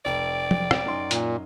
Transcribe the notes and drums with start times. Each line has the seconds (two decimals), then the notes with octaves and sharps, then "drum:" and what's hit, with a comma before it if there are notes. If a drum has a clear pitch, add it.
0.05 F1 D5 G5
0.51 drum: tom F3
0.71 drum: rim click
0.84 F#2 D#4 C6
1.11 A#2, drum: hi-hat